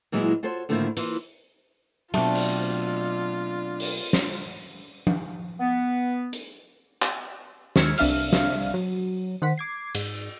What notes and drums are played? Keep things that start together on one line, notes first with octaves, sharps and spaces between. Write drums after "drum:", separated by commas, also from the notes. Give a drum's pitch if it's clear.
A#2 E3 F#3 G#3 E4
F4 F#4 A4 C5 C#5
A2 D3 D#3 F3 A#3 E4
E3 A#3 F4, drum: hi-hat
B2 F#3 A3 C4 D4 F4, drum: cymbal
drum: cymbal
drum: open hi-hat
drum: snare
drum: tom F3
B3
drum: hi-hat
drum: clap
D#2 G#3 E6 F6 G#6 C#7, drum: snare
C2 D4 E5 F5 F6, drum: open hi-hat
drum: snare
F#3
D#3 C5 F#5 B6
D6 G#6 C7
G#2, drum: cymbal